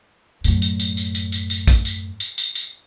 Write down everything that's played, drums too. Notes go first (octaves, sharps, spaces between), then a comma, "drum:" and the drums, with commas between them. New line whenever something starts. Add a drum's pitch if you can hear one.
F#2 A2, drum: tambourine
drum: tambourine
drum: tambourine
drum: tambourine
drum: tambourine
drum: tambourine
drum: tambourine
drum: kick, tambourine
drum: tambourine
drum: tambourine
drum: tambourine
drum: tambourine